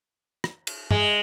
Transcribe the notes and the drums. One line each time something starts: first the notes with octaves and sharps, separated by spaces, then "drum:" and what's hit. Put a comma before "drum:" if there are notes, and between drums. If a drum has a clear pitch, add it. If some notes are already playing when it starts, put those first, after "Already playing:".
drum: rim click
drum: cymbal
G#3, drum: tom